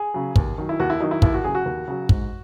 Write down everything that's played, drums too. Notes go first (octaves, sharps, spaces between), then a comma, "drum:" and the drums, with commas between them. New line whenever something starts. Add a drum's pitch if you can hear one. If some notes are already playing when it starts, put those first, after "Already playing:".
Already playing: G#4
C#3 F#3
D#2, drum: kick
D#3 F#3
E4
D#2 F#4
E4
D#3 F#3 D#4
E4
D#2 E4, drum: kick
F#4
C#3 F#3 G#4
F#4
D#2
C#3 F#3
G#2, drum: kick